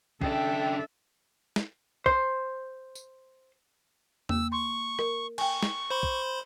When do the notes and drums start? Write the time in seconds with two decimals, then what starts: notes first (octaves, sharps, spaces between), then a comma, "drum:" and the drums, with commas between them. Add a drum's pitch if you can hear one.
0.22 C#3 D4 A4 E5 G5, drum: kick
1.56 drum: snare
2.06 C5, drum: kick
2.95 drum: tambourine
4.29 A#3 E6, drum: tom E2
4.52 C6 C#6
4.99 A#4, drum: rim click
5.38 G5 G#5 C#6, drum: cymbal
5.63 drum: snare
5.90 C5 B5 C6
6.03 drum: kick